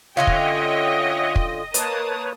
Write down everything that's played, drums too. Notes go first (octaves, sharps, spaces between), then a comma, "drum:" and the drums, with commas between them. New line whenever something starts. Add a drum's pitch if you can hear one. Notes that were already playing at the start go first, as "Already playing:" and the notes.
D3 C#4 F4 C#5 D#5 E5 F#5 G5
drum: kick
drum: kick
A#3 B4 C#5 A5 D#6, drum: hi-hat